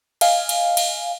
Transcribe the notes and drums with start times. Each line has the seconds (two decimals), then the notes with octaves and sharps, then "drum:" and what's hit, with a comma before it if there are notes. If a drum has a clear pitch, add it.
0.21 D#5 F5 G#5, drum: cymbal
0.49 drum: cymbal
0.77 drum: cymbal